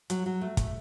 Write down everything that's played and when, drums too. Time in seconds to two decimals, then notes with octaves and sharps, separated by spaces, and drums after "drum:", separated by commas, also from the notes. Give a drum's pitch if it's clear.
0.10 F#3, drum: hi-hat
0.26 F#3
0.41 A3
0.57 A3, drum: kick, hi-hat